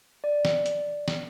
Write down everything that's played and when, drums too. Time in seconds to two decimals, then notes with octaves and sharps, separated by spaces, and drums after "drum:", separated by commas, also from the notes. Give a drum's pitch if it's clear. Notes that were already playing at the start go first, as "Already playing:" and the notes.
0.24 D5
0.45 drum: snare
0.66 drum: hi-hat
1.08 drum: snare